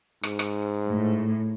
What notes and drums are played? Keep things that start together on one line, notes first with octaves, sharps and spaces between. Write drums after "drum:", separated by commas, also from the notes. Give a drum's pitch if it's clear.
G#2, drum: rim click
drum: rim click
A2